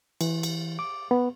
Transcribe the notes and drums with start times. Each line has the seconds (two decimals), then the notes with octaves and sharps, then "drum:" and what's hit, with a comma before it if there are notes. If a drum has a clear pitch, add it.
0.21 E3, drum: cymbal
0.43 drum: cymbal
0.79 D6
1.11 B3